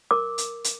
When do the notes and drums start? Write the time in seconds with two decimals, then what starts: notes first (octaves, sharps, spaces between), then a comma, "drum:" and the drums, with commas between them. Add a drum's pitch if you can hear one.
0.11 A#4 D6
0.38 drum: hi-hat
0.64 drum: hi-hat